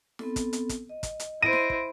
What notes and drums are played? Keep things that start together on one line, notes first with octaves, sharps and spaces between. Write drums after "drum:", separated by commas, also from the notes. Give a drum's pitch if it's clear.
B3 C4 A4, drum: snare
drum: kick, hi-hat
drum: hi-hat
drum: kick, hi-hat
D#5
drum: kick, hi-hat
drum: hi-hat
E4 C5 A#6 D7 D#7
drum: snare
drum: kick